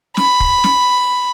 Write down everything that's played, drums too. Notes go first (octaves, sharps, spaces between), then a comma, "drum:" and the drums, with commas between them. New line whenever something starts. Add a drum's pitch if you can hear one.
B5, drum: snare
drum: kick
drum: snare